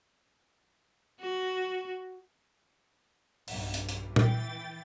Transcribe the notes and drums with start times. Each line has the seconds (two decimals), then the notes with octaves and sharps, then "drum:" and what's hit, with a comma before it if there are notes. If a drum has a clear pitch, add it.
1.20 F#4
3.48 B1 G2, drum: open hi-hat
3.74 drum: hi-hat
3.89 drum: hi-hat
4.16 E3 G5 A6, drum: tom A#2